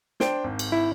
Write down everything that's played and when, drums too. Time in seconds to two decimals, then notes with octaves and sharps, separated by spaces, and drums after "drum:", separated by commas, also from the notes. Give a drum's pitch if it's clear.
0.20 D4 C5 G5, drum: snare
0.44 G#1
0.59 drum: cymbal
0.72 E4